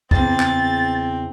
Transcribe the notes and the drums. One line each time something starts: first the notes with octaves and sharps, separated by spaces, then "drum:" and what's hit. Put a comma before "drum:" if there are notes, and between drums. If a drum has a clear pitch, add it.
E2 C#3 C4 A6, drum: kick
drum: clap